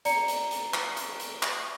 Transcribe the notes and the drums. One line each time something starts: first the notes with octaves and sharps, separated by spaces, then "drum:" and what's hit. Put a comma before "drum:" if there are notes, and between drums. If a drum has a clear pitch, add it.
D5 A#5 C#7, drum: hi-hat
drum: hi-hat
drum: hi-hat
drum: clap
drum: hi-hat
drum: hi-hat
drum: clap